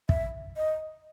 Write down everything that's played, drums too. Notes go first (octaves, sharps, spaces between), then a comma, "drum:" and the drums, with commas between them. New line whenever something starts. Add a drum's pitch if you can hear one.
E5, drum: kick
D#5